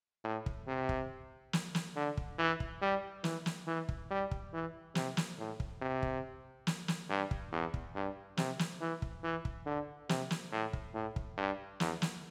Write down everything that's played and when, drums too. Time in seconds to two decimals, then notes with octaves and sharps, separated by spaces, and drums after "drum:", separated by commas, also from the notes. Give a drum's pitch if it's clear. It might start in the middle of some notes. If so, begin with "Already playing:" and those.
0.24 A2
0.46 drum: kick
0.67 C3
0.89 drum: kick
1.53 drum: snare
1.75 drum: snare
1.96 D3
2.17 drum: kick
2.39 E3
2.60 drum: kick
2.82 G3
3.24 E3, drum: snare
3.46 drum: snare
3.67 E3
3.89 drum: kick
4.11 G3
4.31 drum: kick
4.53 E3
4.95 C3, drum: snare
5.17 drum: snare
5.39 A2
5.60 drum: kick
5.82 C3
6.03 drum: kick
6.67 drum: snare
6.88 drum: snare
7.09 G2
7.31 drum: kick
7.52 E2
7.74 drum: kick
7.96 G2
8.37 C3, drum: snare
8.59 drum: snare
8.81 E3
9.02 drum: kick
9.23 E3
9.45 drum: kick
9.66 D3
10.09 C3, drum: snare
10.31 drum: snare
10.52 A2
10.73 drum: kick
10.94 A2
11.16 drum: kick
11.38 G2
11.80 E2, drum: snare
12.02 drum: snare